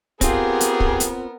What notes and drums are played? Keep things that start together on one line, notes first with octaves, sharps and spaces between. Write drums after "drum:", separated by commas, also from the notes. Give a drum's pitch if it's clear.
B3 C4 F4 G4 G#4 A#4, drum: kick, hi-hat
drum: hi-hat
drum: kick
drum: hi-hat